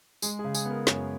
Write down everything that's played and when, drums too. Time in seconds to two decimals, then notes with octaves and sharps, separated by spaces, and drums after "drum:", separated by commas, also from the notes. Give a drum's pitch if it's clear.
0.22 G#3 G#4, drum: tambourine
0.39 G#4
0.44 C#3
0.55 G#4, drum: tambourine
0.65 B3
0.71 A#4
0.87 F#2 C#5, drum: snare